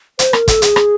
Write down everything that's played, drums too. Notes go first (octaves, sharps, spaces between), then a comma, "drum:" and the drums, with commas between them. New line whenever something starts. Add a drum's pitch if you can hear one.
C5, drum: hi-hat
A#4, drum: rim click
A4, drum: kick, hi-hat
G#4, drum: hi-hat
drum: rim click